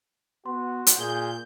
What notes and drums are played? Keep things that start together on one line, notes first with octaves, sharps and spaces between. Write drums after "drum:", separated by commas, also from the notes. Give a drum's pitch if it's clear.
B3 F#4 C6
drum: hi-hat
A#2 G#4 G6